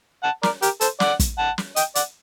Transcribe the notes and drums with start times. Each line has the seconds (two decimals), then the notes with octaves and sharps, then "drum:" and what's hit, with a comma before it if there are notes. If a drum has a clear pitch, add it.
0.23 F#5 A5
0.43 A#4 D5, drum: snare
0.62 G4 A#4, drum: hi-hat
0.81 A4 C5, drum: hi-hat
1.00 D5 F#5, drum: snare
1.19 drum: kick, hi-hat
1.38 F#5 A5
1.58 drum: snare
1.76 D#5 G5, drum: hi-hat
1.95 D5 F#5, drum: hi-hat